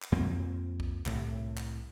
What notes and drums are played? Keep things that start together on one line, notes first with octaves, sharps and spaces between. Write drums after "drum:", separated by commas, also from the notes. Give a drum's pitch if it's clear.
drum: clap
F2 A#3 C4
drum: kick
C2 A2 C3, drum: clap
drum: clap